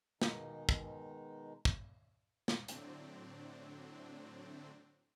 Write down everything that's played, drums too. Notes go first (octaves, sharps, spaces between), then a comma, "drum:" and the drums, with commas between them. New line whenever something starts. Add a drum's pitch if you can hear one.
B2 D#3 G#3 D#4, drum: snare
drum: kick
drum: kick
drum: snare
A2 D3 F#3 C4 D4, drum: hi-hat